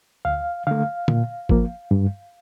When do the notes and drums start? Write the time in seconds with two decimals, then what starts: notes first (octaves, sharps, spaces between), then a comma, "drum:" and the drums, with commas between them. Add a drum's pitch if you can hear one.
0.25 D2 F5
0.67 D3 A3 F5
1.08 A#2, drum: tom
1.49 F3 A#3, drum: kick
1.91 G2